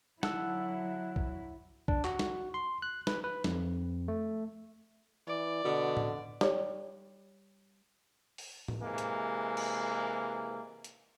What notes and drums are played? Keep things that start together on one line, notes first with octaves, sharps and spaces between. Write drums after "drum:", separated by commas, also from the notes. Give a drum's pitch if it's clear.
D3 F#3 E4 F#5 A5 E6, drum: snare
drum: kick
D4, drum: kick
F#4, drum: clap
drum: snare
C6
F#6
B4, drum: snare
B4
F2, drum: snare
A3
E3 D5
B2 D3
drum: tom
G3 C#5, drum: snare
drum: open hi-hat
drum: tom
C3 E3 G#3 A#3
drum: hi-hat
drum: cymbal
drum: hi-hat